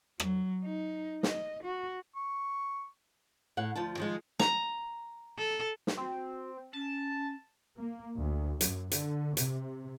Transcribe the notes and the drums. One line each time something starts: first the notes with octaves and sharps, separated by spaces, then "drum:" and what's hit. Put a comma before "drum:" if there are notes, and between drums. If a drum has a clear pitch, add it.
F#3, drum: rim click
D#4
D#5, drum: snare
F#4
C#6
A2 F#5
D2 F3 F4 A5
D#3 F3 G#3
A#5, drum: snare
A4
drum: snare
C4 F#4
C#4 A5
A#3
D2
F#2, drum: hi-hat
D3, drum: hi-hat
C3, drum: hi-hat